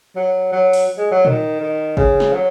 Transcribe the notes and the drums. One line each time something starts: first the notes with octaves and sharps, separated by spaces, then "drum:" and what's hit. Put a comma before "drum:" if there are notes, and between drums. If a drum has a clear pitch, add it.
F#3
F#3
drum: open hi-hat
G#3
F#3
D#3, drum: tom A#2
D#3
C#3, drum: kick
drum: snare
F#3